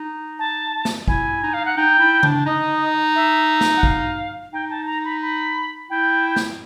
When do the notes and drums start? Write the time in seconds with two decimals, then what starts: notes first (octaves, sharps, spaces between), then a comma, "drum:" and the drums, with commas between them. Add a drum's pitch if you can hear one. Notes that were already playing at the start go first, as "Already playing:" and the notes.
Already playing: D#4
0.39 A5
0.85 drum: snare
1.08 E4 G#5, drum: kick
1.43 D#4
1.53 F5
1.65 F#5
1.77 D#4 G5
2.00 E4
2.23 D4, drum: tom C#3
2.46 D#4 D#5
3.15 E5
3.61 drum: snare
3.77 F#5
3.83 F5, drum: kick
4.53 D#4 G5
4.70 A5
4.86 A#5
5.05 B5
5.22 B5
5.90 E4 G5
6.36 drum: snare